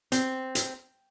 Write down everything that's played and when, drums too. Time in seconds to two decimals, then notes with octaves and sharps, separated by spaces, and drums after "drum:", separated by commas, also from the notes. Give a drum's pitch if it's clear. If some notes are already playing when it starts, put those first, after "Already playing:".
0.12 C4, drum: hi-hat
0.55 drum: hi-hat